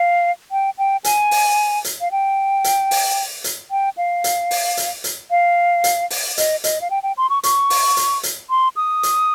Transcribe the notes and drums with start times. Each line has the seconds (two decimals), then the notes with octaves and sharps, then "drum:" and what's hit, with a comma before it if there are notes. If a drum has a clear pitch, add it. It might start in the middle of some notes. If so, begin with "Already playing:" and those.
Already playing: F5
0.51 G5
0.78 G5
1.04 G#5, drum: hi-hat
1.31 drum: open hi-hat
1.84 drum: hi-hat
2.01 F5
2.11 G5
2.64 drum: hi-hat
2.91 drum: open hi-hat
3.44 drum: hi-hat
3.71 G5
3.97 F5
4.24 drum: hi-hat
4.51 drum: open hi-hat
4.77 drum: hi-hat
5.04 drum: hi-hat
5.31 F5
5.84 drum: hi-hat
6.10 drum: open hi-hat
6.38 D#5, drum: hi-hat
6.64 D#5, drum: hi-hat
6.81 F5
6.90 G5
7.03 G5
7.17 C6
7.30 C#6
7.43 C#6, drum: hi-hat
7.70 drum: open hi-hat
7.97 drum: hi-hat
8.23 drum: hi-hat
8.50 C6
8.76 D#6
9.03 drum: hi-hat